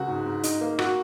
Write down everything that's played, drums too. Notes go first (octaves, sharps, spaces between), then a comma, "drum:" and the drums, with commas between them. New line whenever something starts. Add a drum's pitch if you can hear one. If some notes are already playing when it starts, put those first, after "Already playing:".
Already playing: C#2 F#4
G#2
G#2
D#4, drum: hi-hat
A#3
F#4, drum: rim click